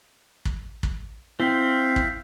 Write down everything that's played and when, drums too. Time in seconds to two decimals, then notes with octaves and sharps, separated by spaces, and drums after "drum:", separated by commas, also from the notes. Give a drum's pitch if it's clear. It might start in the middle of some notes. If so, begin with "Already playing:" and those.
0.45 drum: kick
0.83 drum: kick
1.40 C4 E4 E5 F5 G5
1.96 drum: kick